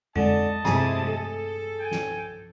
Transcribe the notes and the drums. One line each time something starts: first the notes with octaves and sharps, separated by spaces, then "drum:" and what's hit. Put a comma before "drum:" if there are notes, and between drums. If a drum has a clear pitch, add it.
D3 G#3 D#5 A5, drum: tom F2
G2 C3 A3 E4 G#4, drum: snare
A4
G5 G#5
drum: snare